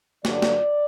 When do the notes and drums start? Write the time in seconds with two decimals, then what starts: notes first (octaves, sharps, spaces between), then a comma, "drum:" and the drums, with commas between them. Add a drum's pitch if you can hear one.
0.25 G2 D3 F#3 D5, drum: snare
0.42 drum: snare